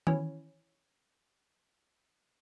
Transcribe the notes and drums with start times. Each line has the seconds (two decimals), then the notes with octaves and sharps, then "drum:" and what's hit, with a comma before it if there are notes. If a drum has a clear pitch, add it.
0.07 E3 C#4, drum: tom D#3